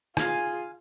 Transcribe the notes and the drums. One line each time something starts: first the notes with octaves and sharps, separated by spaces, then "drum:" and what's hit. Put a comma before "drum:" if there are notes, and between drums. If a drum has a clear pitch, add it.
F4 G#4 F5 G#5, drum: rim click